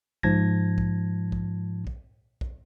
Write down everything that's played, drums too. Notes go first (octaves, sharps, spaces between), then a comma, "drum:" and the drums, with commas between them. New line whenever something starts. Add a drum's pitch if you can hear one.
G#2 F3 A5 G#6 A#6, drum: kick A#1
drum: kick A#1
drum: kick A#1
drum: kick A#1
drum: kick A#1